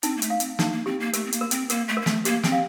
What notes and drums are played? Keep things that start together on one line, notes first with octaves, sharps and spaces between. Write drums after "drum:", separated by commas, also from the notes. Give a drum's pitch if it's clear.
C4 D#4, drum: hi-hat
A#3
A3, drum: hi-hat
F5
C4, drum: hi-hat
A#3 D#4, drum: snare
A#3
C4 G4
A#3
A3 A#4, drum: hi-hat
C4
A#3, drum: hi-hat
A#4
C4, drum: hi-hat
A#3 A#4, drum: hi-hat
A3
A#3 A#4
A3, drum: snare
A#3 G4, drum: hi-hat
C4, drum: snare
F5